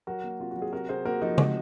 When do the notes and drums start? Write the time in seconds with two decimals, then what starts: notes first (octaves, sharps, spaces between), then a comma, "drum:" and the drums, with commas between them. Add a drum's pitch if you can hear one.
0.07 F#3 F#4 A#4
0.24 A#3
0.40 C3 F4
0.51 F#3 F#4
0.62 G#4
0.73 C3 F#4 A#4
0.89 C3 G#4 C5
1.05 A#3 F#4 A#4
1.21 F3 D#4 F#4
1.38 C3, drum: tom C#3